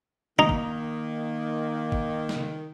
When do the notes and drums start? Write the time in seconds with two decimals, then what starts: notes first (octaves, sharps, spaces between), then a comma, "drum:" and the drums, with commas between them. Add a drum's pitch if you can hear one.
0.39 D#3 A#3 D#4
0.49 drum: kick G#1
1.92 drum: kick G#1
2.29 drum: snare